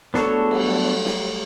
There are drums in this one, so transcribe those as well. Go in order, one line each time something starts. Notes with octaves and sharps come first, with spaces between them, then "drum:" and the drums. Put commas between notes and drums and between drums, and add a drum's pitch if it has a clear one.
A3 B3 D4 F#4 A4 C#5, drum: snare
A3
G#3
G3, drum: cymbal
F#3
drum: snare